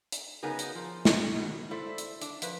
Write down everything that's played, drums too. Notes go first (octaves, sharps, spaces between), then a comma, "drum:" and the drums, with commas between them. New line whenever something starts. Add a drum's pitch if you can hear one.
drum: hi-hat
C#3 F#3 B3 D#4 G#4 A#4
drum: hi-hat
F3 A#4
drum: snare
B2 D#3 F#3
E4 A4 C5 D5 E5
drum: hi-hat
D4, drum: hi-hat
F3 B4, drum: hi-hat